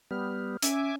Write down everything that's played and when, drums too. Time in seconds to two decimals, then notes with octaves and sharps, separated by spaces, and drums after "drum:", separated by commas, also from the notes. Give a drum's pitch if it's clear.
0.11 G3 B3 F6
0.62 C#4 E5 G#5 D6, drum: hi-hat